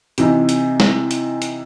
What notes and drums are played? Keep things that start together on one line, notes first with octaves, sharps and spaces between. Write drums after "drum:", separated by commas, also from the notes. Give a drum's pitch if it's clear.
C3 E3 D#4, drum: hi-hat
drum: hi-hat
drum: snare
drum: hi-hat
drum: hi-hat